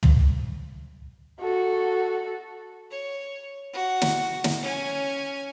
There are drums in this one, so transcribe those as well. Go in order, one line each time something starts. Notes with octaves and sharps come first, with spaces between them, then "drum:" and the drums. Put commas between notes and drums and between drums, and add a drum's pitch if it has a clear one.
drum: tom
F#4 A4
C#5
F#4
drum: snare
drum: snare
C#4 G#5